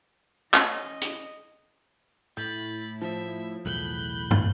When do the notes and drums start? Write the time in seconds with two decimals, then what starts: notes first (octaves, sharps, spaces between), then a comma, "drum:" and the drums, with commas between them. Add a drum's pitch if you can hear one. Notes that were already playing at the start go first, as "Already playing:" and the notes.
0.54 C#4 D#5, drum: clap
1.01 drum: hi-hat
2.37 A2 B5 G6 A6
3.02 F3 E5
3.66 B1 E2 A2 B5 F#6 G6
4.31 drum: tom